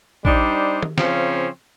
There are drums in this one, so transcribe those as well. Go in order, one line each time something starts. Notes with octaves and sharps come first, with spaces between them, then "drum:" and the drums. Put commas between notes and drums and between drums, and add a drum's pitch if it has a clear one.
G3 D4 D#4 C5, drum: kick
drum: tom D#3
C#3 F3 C4 C#4, drum: snare